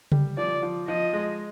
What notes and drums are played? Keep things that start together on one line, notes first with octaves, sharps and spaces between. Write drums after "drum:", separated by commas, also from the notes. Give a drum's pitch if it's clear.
G3, drum: tom C#3
F3 D5
F3
F3 D#5
G#3